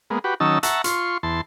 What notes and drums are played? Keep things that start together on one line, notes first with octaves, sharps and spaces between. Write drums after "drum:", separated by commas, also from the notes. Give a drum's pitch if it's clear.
G#3 A#3 B3
F#4 G4 B4
D#3 F#3 C#4 D#4 A5 E6
E5 F#5 A5 A#5 C#6, drum: hi-hat
F4 C6 C#6, drum: hi-hat
E2 A5 C6